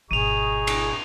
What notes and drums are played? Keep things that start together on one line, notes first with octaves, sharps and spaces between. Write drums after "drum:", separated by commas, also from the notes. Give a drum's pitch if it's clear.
G#1 B2 D#4 G#4 C#6 D#7 F7
drum: cymbal